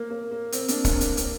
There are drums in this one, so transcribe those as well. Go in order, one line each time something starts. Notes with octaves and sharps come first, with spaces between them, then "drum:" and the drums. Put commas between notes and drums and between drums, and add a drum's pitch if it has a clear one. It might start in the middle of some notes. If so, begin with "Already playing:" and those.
Already playing: A#3
A#3
A#3
C4, drum: hi-hat
A#3 D4, drum: hi-hat
A#3 D4, drum: kick, hi-hat
A#3, drum: hi-hat
A#3, drum: hi-hat